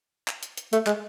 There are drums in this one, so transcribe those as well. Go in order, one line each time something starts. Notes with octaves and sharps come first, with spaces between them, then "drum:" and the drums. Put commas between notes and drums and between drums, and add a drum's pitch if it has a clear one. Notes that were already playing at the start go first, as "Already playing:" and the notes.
drum: clap
drum: hi-hat
drum: hi-hat
A3, drum: hi-hat
G#3, drum: clap